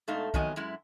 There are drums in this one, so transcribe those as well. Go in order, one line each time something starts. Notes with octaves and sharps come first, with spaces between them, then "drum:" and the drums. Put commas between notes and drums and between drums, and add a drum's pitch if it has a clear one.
B2 G#3 A3 D#4 F5
F2 D#3 F#3 B3 D#5 G#5, drum: kick B1
F#2 G#3 E4